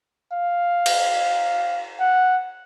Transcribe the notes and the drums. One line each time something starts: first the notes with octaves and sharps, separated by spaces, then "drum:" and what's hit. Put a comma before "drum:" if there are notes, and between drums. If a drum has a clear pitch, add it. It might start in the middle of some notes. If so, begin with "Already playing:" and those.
F5
drum: cymbal
F#5